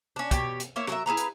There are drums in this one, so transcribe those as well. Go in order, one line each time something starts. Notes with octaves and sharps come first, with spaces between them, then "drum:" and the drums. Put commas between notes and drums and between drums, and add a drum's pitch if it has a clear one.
C#4 D4
B2 G4 C#5, drum: kick, hi-hat
drum: hi-hat
A#3 E4 C#5
F#3 A#4 E5, drum: rim click
E4 G#4 B4 A#5
drum: hi-hat